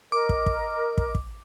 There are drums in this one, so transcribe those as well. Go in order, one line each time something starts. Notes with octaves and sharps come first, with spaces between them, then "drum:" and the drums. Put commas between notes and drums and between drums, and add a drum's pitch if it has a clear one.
A#4 D#5 D6
drum: kick
drum: kick
drum: kick
drum: kick